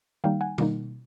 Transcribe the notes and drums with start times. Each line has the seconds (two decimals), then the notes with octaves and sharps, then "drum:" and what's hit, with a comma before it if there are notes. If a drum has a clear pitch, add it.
0.24 D#3 G3 A#3 D#4 F5 G5
0.41 F#5 G#5
0.58 D#3 G3 A#3 D#4, drum: tom B2